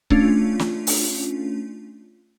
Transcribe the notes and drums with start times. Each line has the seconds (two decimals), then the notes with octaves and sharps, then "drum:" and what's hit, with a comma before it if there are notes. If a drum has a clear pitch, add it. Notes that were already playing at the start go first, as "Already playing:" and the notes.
0.10 A3 C#4 D4 F4, drum: kick C#1
0.59 drum: snare
0.87 drum: open hi-hat